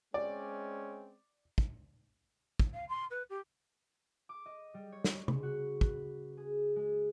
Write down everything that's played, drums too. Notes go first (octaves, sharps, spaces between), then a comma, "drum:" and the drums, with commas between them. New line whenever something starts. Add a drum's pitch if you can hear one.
G#3 C4 C#4 D5
drum: kick
drum: kick
F5
C6
B4
G4
D6
D#5
G3
C#5
drum: snare
C#3, drum: tom C3
F#4
B4, drum: kick
G#4
G#3